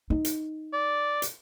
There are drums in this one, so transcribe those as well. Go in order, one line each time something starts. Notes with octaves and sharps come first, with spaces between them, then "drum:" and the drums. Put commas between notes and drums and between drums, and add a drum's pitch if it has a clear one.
D#4
drum: hi-hat
D5
drum: hi-hat